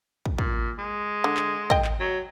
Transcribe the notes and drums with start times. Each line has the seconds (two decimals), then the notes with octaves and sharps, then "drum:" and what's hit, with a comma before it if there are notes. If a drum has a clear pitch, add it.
0.25 drum: kick
0.38 A#2, drum: kick
0.79 G#3
1.24 D3
1.37 drum: clap
1.70 D#5 G5, drum: kick
1.84 drum: clap
2.00 F#3